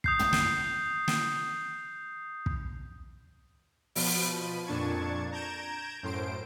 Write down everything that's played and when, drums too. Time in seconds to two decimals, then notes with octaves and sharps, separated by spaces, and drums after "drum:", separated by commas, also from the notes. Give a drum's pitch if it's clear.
0.04 D#6 G6 C7, drum: kick
0.19 drum: tom
0.33 drum: snare
1.08 drum: snare
2.46 drum: kick
3.96 B2 F3 B5 D#7, drum: open hi-hat
4.66 F2 A#2 D4 A5 C#6 G#6
5.32 A#5 G6 G#6 D7 E7
6.03 F#2 A2 C5 D7